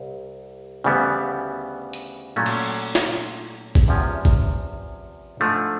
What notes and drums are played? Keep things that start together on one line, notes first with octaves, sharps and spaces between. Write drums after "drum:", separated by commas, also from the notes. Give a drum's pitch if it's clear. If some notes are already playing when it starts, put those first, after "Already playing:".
Already playing: C2
D2 C#3 E3 G3 B3
drum: hi-hat
A#2 F#3 A3 C#4
drum: cymbal
drum: snare
drum: kick
E2 C3 F3 G#3 C#4
drum: kick
G#2 F3 A3 D4